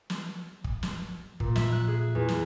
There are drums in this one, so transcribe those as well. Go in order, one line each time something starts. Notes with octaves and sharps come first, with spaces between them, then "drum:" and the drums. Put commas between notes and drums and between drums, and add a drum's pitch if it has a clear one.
drum: snare
drum: kick
drum: snare
A#2, drum: kick
E5, drum: snare
F#6
G#4
E2
drum: snare